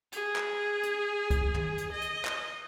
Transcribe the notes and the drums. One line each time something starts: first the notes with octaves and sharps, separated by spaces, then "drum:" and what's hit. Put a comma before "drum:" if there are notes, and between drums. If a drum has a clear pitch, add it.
G#4, drum: hi-hat
drum: clap
drum: hi-hat
drum: kick C#2, hi-hat
drum: tom
drum: hi-hat
D#5
drum: hi-hat
drum: clap